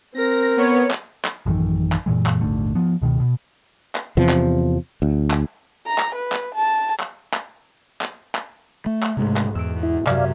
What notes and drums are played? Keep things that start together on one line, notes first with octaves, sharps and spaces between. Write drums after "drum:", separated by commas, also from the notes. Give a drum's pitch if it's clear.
C4 A#4 A#6
B3 C#5
drum: clap
drum: clap
A1 F#2 D#3 E3
drum: clap
F#2 A#2 E3 G#3
drum: clap
D#1 G#1 D3 A3
F3 B3
C#2 B2 D#3
B2
drum: clap
E2 C3 F3
drum: clap
D2
drum: clap
A#5
drum: clap
B4
drum: clap
A5
drum: clap
drum: clap
drum: clap
drum: clap
A3
drum: clap
B1 G#2 C3 G#3 A3
drum: clap
E2 E6 D7
E4
F#2 C3 D5 E5 F5 G#6, drum: clap